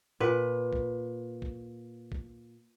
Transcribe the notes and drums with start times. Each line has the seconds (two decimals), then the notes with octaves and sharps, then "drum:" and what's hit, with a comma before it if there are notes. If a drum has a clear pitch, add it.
0.20 A#2 B4
0.73 drum: kick A#1
1.42 drum: kick A#1
2.12 drum: kick A#1